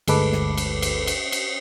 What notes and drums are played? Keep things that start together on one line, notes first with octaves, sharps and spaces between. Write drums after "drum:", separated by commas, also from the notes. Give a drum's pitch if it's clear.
G1 D2 G#3 A4 B4 D6, drum: cymbal
drum: snare
drum: cymbal
drum: cymbal
drum: cymbal
drum: cymbal